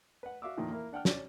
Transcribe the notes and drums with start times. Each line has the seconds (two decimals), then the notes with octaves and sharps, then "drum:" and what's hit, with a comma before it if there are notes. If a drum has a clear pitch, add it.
0.23 B4 F#5
0.42 F#4 E5 F5 D6 E6
0.57 F2 A#2 D#3 E3
0.71 A#3 E4 A#4
0.93 D4 F#5 G5 F6
1.05 C#4 D5, drum: snare